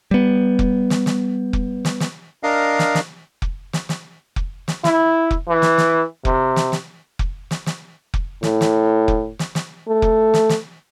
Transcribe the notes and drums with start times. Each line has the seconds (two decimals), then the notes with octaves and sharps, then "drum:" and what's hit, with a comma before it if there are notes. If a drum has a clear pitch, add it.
0.11 G3 B3
0.59 drum: kick F1
0.90 drum: snare
1.06 drum: snare
1.53 drum: kick F1
1.85 drum: snare
2.00 drum: snare
2.43 D4 A#4 D#5 F5
2.79 drum: snare
2.95 drum: snare
3.42 drum: kick F1
3.73 drum: snare
3.89 drum: snare
4.36 drum: kick F1
4.68 drum: snare
4.84 E4, drum: snare
5.31 drum: kick F1
5.48 E3
5.62 drum: snare
5.78 drum: snare
6.25 C3, drum: kick F1
6.56 drum: snare
6.72 drum: snare
7.19 drum: kick F1
7.51 drum: snare
7.66 drum: snare
8.14 drum: kick F1
8.43 A2, drum: snare
8.61 drum: snare
9.08 drum: kick F1
9.39 drum: snare
9.55 drum: snare
9.88 A3
10.02 drum: kick F1
10.34 drum: snare
10.49 drum: snare